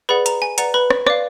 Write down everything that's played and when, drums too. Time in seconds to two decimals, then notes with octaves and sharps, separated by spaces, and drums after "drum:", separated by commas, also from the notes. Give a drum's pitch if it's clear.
0.09 G#4 B4 D5 F#5 B5
0.26 A#5, drum: hi-hat
0.42 G#5
0.58 B4 D5 F#5 A#5, drum: hi-hat
0.74 B4 B5
0.90 drum: rim click
1.07 B4 D5 F5 D6, drum: rim click